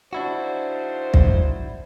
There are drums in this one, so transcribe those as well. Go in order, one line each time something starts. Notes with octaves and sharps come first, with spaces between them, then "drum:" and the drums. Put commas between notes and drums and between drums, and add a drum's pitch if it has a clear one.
G#2 F3 D4 E4 F#4 C5
drum: kick